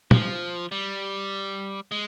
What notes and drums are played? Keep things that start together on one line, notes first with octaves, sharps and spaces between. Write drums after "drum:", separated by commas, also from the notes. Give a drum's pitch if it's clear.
F3, drum: tom
G3
G#3